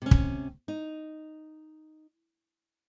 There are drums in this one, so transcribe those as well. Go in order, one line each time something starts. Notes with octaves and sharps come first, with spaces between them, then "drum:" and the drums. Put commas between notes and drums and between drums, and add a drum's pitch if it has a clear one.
C3 C#4
drum: kick
D#4